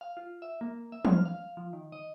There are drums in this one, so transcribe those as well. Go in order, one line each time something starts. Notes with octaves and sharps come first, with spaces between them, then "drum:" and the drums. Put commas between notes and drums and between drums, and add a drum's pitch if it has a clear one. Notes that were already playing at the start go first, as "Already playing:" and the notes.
F5
F4
E5
A#3
E5
F6, drum: tom
F5
F3
D#3
D#5